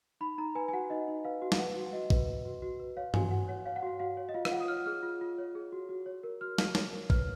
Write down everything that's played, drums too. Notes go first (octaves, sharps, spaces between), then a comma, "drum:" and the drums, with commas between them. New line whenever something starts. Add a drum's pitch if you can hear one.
D#4 B5
D#4 A#5
B4 G#5
G#5
F#4 F#5
D#4 D#5
D#4
B4 F5
F#4
F5, drum: snare
B4 F#5
F#4
F#4 D#5
B4, drum: kick
B4
F#4
F#4
B4
C#5 F5
F#4 G#5, drum: tom G2
F#4 F#5
C#5 F#5
C#5 F5
F#5
F#4 F5
F#4 F5
C#5
D#5
F4 F5
F5, drum: rim click
F4 F#5
D#6
C#5 F6
G#4 F6
F4
F4
C#5
G#4
F#4
F#4
C#5
A#4
F#4 F6
F#4, drum: snare
C#5, drum: snare
A#4
B4 F6, drum: kick